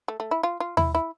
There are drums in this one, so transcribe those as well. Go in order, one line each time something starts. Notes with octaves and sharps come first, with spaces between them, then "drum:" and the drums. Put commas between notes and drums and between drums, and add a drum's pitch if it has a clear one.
A3
A3
E4
F4
F4
E4, drum: tom D#2
E4